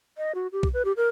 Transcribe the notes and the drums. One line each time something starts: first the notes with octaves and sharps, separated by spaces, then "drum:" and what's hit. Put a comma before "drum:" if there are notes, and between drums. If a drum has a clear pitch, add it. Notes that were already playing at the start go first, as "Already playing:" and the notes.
D#5
F#4
G4
drum: kick B1
B4
G4
A#4